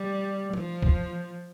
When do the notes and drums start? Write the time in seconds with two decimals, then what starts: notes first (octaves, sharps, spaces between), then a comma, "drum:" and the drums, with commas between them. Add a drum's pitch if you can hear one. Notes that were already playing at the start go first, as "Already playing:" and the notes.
Already playing: G3
0.54 F3, drum: tom F3
0.82 drum: kick